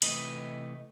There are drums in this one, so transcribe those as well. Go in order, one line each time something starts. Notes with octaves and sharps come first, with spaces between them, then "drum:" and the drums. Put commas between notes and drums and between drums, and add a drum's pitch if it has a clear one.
C3 E3 A3 B4 D#5, drum: hi-hat